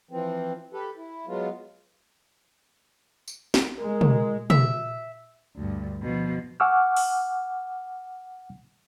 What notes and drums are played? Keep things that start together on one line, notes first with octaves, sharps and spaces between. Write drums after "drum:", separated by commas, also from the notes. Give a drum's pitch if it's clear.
E3 F3 C4
G4 A4 B4
E4
F#3 G#3 B3 F4
drum: tambourine
drum: snare
G#3 A#4
drum: tom
E5, drum: tom
D2 G2
B2 F3
F#5 G#5 C#6 D6 E6 F6
drum: open hi-hat